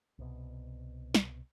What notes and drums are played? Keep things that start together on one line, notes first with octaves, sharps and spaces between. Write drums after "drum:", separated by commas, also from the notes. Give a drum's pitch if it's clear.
C2 B2
drum: snare